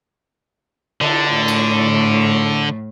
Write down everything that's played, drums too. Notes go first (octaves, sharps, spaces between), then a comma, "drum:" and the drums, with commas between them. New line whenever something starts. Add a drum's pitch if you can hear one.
D3, drum: cymbal
A2
drum: cymbal